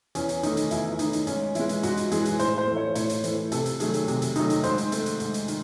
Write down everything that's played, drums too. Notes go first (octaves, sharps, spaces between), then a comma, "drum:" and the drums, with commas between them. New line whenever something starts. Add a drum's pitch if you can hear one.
E2 C#4, drum: hi-hat
drum: hi-hat
D#3 A3 D#4, drum: hi-hat
drum: hi-hat
E2 E4, drum: hi-hat
E4
D#3 A3 D#4, drum: hi-hat
drum: hi-hat
G#2 C#4, drum: hi-hat
E3 G#3 E4, drum: hi-hat
drum: hi-hat
G#2 F#4, drum: hi-hat
drum: hi-hat
E3 G#3 G#4, drum: hi-hat
drum: hi-hat
A2 C5, drum: hi-hat
C5
E3 A3
C#5
A2 C#5, drum: hi-hat
drum: hi-hat
E3 A3 C5, drum: hi-hat
C3 A4, drum: hi-hat
drum: hi-hat
D#3 F#3 A3 G#4, drum: hi-hat
drum: hi-hat
C3, drum: hi-hat
drum: hi-hat
D#3 F#3 A3 D#4, drum: hi-hat
drum: hi-hat
G#2 C5, drum: hi-hat
drum: hi-hat
D#3 A3, drum: hi-hat
drum: hi-hat
G#2, drum: hi-hat
drum: hi-hat
D#3, drum: hi-hat